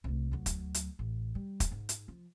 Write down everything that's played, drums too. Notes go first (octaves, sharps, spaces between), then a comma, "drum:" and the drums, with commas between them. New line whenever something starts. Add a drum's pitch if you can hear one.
C2 A3
D2 F#3
drum: kick, hi-hat
drum: hi-hat
A1
G3
drum: kick, hi-hat
G#2
drum: hi-hat
F3